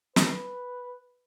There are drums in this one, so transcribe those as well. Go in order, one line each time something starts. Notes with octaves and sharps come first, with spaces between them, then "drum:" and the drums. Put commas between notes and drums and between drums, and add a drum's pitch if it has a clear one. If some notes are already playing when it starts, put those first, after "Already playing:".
B4, drum: snare